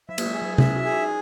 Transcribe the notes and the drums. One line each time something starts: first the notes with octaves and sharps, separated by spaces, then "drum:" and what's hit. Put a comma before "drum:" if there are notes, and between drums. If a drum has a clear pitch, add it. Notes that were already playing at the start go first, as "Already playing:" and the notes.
F#3 E5
A#3, drum: cymbal
G#3
G#4
F#3
C#4 E4 E5, drum: tom C3
D#4 F#4
G#4
D#4 F#4